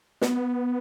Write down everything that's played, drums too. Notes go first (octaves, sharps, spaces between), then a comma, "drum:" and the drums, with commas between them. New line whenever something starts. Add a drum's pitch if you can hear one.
B3, drum: snare